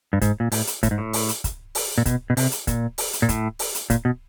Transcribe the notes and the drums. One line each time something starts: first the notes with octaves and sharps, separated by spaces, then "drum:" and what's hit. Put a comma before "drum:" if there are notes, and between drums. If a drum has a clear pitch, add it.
G2
G#2, drum: kick, hi-hat
A#2
A2, drum: open hi-hat
drum: hi-hat
A2, drum: kick, hi-hat
G#2
A2
drum: open hi-hat
drum: hi-hat
drum: kick, hi-hat
drum: open hi-hat
A#2
B2, drum: kick, hi-hat
B2
C3, drum: open hi-hat
drum: hi-hat
A#2, drum: kick, hi-hat
drum: open hi-hat
drum: hi-hat
A#2
A2, drum: kick, hi-hat
drum: open hi-hat
drum: hi-hat
A#2, drum: kick, hi-hat
B2